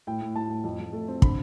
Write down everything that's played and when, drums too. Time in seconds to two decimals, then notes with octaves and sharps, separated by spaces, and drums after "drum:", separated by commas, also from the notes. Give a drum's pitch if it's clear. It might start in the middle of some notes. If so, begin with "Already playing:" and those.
0.07 A2 G5
0.21 A2
0.35 A2 A5
0.50 A2
0.64 F2
0.79 F2
0.93 A3
1.08 C4
1.22 D3 B5, drum: kick